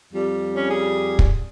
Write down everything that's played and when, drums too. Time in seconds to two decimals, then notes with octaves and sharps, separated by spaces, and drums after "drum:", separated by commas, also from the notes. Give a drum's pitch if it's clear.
0.13 F2 G3
0.56 C#4
0.70 G#4
1.19 drum: kick